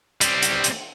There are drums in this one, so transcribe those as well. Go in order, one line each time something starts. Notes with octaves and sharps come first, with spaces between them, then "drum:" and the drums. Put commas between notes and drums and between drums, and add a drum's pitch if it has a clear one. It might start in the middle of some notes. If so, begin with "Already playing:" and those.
G3 C4, drum: hi-hat
drum: hi-hat
drum: hi-hat